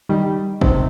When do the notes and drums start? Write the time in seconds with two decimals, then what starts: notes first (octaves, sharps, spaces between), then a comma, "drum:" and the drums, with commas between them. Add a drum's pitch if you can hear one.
0.09 D#3 G3
0.61 C3 D#3, drum: kick